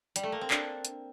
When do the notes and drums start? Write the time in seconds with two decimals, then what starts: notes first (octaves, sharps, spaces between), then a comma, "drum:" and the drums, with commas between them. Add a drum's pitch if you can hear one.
0.16 G3, drum: hi-hat
0.23 A3
0.32 A#3
0.41 C4
0.51 D4, drum: clap
0.85 drum: hi-hat